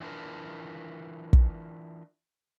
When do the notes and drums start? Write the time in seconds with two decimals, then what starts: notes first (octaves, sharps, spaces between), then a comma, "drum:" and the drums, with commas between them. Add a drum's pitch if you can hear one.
0.01 E3 F#3 D4 F4 A#4 B4
1.33 drum: kick